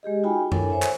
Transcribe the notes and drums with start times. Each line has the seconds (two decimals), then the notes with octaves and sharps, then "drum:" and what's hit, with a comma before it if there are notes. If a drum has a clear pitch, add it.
0.03 G#3 G4 G#4 D#5
0.23 D#4 F4 F#4 G5 G#5 B5
0.52 D4 E4 A4 A#4 C#5 G#5, drum: tom F#2
0.70 C5 C#5 E5 G#5
0.82 drum: clap